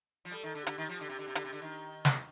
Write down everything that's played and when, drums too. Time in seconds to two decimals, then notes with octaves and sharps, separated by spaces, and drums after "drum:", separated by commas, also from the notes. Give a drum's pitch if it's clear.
0.25 F3
0.31 G3 A4
0.44 D#3
0.55 D3
0.67 D3 G4, drum: hi-hat
0.78 D#3
0.89 F3
1.01 D3
1.09 C3
1.19 D3
1.27 C3
1.35 D3, drum: hi-hat
1.44 C3
1.53 D3
1.62 D#3
2.05 drum: snare